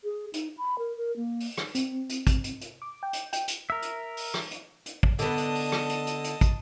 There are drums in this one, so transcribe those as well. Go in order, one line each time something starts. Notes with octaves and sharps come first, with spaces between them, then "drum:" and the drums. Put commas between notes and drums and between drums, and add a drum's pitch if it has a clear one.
G#4
D#4, drum: hi-hat
B5
A#4
A#4
A#3
drum: open hi-hat
drum: rim click
C4, drum: hi-hat
drum: hi-hat
drum: kick, hi-hat
drum: hi-hat
drum: hi-hat
D6
G5
drum: hi-hat
G5, drum: hi-hat
drum: hi-hat
A#4 E5
drum: hi-hat
drum: open hi-hat
drum: rim click
drum: hi-hat
drum: hi-hat
drum: kick
D3 B3 D#5 A5, drum: hi-hat
drum: hi-hat
drum: open hi-hat
drum: rim click
drum: hi-hat
drum: hi-hat
drum: hi-hat
drum: kick, hi-hat